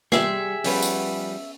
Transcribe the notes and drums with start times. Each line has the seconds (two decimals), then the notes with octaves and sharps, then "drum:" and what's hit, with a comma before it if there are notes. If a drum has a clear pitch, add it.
0.12 G3 G4 G#4 E5 C6, drum: snare
0.64 F3 G3 B3 C#4 B4 C#5, drum: open hi-hat
0.82 drum: tambourine